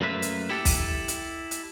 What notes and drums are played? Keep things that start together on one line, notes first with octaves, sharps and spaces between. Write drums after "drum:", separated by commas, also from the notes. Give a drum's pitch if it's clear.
F#2 A3 A#3 B4 E5
drum: hi-hat
E4 G4 A4
drum: kick, open hi-hat
drum: hi-hat
drum: hi-hat